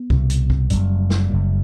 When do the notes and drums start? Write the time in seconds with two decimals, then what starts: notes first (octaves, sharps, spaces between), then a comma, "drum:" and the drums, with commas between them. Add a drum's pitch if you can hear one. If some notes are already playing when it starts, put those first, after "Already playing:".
Already playing: B3
0.10 C2 B2, drum: kick
0.30 drum: hi-hat
0.50 drum: kick
0.70 F#1 F#2 G3, drum: hi-hat
1.10 drum: snare
1.30 F#1 F#2